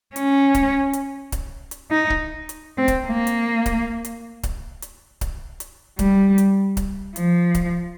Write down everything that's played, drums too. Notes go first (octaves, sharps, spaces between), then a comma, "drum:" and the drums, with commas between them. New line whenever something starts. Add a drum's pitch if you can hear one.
C#4, drum: hi-hat
drum: kick C#1, hi-hat
drum: hi-hat
drum: kick C#1, hi-hat
drum: hi-hat
D#4
drum: kick C#1
drum: hi-hat
C4
drum: kick C#1, hi-hat
A#3
drum: hi-hat
drum: kick C#1, hi-hat
drum: hi-hat
drum: kick C#1, hi-hat
drum: hi-hat
drum: kick C#1, hi-hat
drum: hi-hat
G3, drum: kick C#1, hi-hat
drum: hi-hat
drum: kick C#1, hi-hat
F3, drum: hi-hat
drum: kick C#1, hi-hat